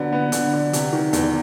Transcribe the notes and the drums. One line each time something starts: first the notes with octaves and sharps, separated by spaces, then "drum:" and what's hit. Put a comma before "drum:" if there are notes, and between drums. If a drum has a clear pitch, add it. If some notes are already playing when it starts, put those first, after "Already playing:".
Already playing: D3 F#3 B3
B3
D3, drum: hi-hat
D3
C3, drum: hi-hat
D#3
E2, drum: hi-hat